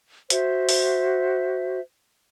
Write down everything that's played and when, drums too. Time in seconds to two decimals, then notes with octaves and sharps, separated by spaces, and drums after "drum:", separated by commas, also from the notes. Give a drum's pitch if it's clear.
0.30 F#4 C5 E5, drum: hi-hat
0.69 drum: open hi-hat